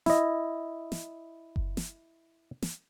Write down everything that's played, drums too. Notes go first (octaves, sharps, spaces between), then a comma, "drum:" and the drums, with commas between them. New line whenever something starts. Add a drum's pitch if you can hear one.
E4 D#5, drum: snare
drum: snare
drum: kick F#1
drum: snare
drum: snare